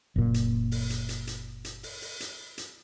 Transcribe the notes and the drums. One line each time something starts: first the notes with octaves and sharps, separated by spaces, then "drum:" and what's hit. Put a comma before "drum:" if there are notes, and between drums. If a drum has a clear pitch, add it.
F#1 A#2
drum: hi-hat
drum: open hi-hat
drum: hi-hat
drum: hi-hat
drum: hi-hat
drum: hi-hat
drum: open hi-hat
drum: open hi-hat
drum: hi-hat
drum: hi-hat